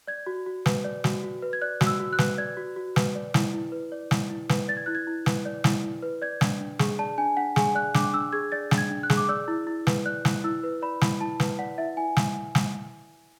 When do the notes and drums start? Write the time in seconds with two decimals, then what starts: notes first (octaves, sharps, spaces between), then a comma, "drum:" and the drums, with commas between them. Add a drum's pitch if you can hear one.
0.07 D5 G#6
0.26 F#4
0.46 F#4
0.66 B4, drum: snare
0.84 D5
1.04 F#4, drum: snare
1.23 F#4
1.42 B4
1.53 G#6
1.62 D5 F#6
1.81 F#4, drum: snare
1.86 E6
2.00 F#4
2.13 F#6
2.19 B4, drum: snare
2.38 D5 G#6
2.57 F#4
2.76 F#4
2.96 B4, drum: snare
3.15 D5
3.34 E4, drum: snare
3.54 E4
3.72 B4
3.92 D5
4.11 E4, drum: snare
4.30 E4
4.49 B4, drum: snare
4.68 D5 A6
4.77 G#6
4.86 E4 F#6
4.95 G#6
5.07 E4
5.26 B4, drum: snare
5.45 D5
5.64 E4, drum: snare
5.83 E4
6.03 B4
6.22 D5 G#6
6.41 D4, drum: snare
6.60 D4
6.79 G#4, drum: snare
6.99 D5 A5
7.18 D4 G#5
7.37 D4 F#5
7.56 G#4 G#5, drum: snare
7.75 D5 F#6
7.94 D4 D6, drum: snare
8.13 D4 E6
8.33 G#4 G#6
8.52 D5 A6
8.71 D4, drum: snare
8.78 G#6
8.90 D4
9.03 F#6
9.10 G#4, drum: snare
9.17 D6
9.29 D5 E6
9.48 E4
9.67 E4
9.87 B4, drum: snare
10.05 D5 F#6
10.25 E4, drum: snare
10.44 E4 E6
10.63 B4
10.82 D5 B5
11.01 E4, drum: snare
11.20 E4 A5
11.40 B4, drum: snare
11.59 D5 F#5
11.78 E4 E5
11.97 E4 G#5
12.17 drum: snare
12.55 drum: snare